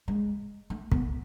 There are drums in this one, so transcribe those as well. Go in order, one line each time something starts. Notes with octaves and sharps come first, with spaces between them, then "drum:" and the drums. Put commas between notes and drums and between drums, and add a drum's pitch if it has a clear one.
G#3
A3
B3, drum: kick